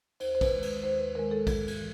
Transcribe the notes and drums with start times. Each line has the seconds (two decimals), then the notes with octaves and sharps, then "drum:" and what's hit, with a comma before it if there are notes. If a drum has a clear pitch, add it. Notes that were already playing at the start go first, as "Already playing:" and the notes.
0.20 D#2 C5, drum: cymbal
0.35 C5
0.41 B4, drum: kick, cymbal
0.52 D#3 G#3
0.62 B4, drum: cymbal
0.83 D#2 C5
0.99 B4
1.15 D#3 G#3 A#4
1.31 A4
1.47 G#2, drum: kick, cymbal
1.68 drum: cymbal
1.78 E3